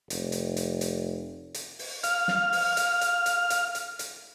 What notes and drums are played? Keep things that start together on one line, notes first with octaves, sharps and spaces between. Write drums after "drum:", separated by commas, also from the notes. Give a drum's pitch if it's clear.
F1, drum: hi-hat
drum: hi-hat
drum: hi-hat
drum: hi-hat
drum: hi-hat
drum: open hi-hat
F5 F6, drum: hi-hat
drum: snare
drum: open hi-hat
drum: hi-hat
drum: hi-hat
drum: hi-hat
drum: hi-hat
drum: hi-hat
drum: hi-hat